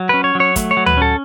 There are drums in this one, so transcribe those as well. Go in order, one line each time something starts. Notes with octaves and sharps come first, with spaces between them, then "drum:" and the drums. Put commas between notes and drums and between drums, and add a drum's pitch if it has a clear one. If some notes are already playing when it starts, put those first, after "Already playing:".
Already playing: F#3
C#4 B4
C#5
F#3
C#5
A3, drum: kick, hi-hat
C#5
F#3
B4, drum: tom D2
C#4 A4